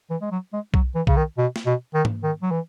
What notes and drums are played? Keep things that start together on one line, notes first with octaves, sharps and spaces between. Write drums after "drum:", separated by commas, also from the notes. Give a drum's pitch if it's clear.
E3
G#3
F#3
G#3
F#3, drum: kick B1
E3
C#3, drum: kick B1
D#3
B2
drum: snare
B2
D#3
drum: tom G#2
D#3
F#3
E3